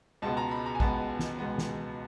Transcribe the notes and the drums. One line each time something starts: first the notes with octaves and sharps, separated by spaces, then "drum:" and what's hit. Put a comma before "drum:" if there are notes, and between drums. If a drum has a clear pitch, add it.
C#2 B2 G#3 B3 A5
A#5
B5
A#5
G#5
C#2 B2 G#3 B3 A5, drum: kick A1
drum: snare
C#2 B2 G#3 B3
drum: snare